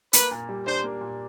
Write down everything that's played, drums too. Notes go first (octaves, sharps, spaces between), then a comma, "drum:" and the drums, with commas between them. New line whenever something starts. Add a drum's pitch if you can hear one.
A#3 B4, drum: hi-hat
A#2
G3
D4 C5
A#3
A#2